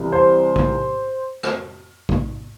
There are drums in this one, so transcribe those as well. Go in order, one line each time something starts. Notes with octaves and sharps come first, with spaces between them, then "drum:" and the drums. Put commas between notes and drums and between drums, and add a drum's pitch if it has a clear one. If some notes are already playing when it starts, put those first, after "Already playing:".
Already playing: C2 C3 E3
C5
drum: kick A#1
drum: rim click
drum: kick A#1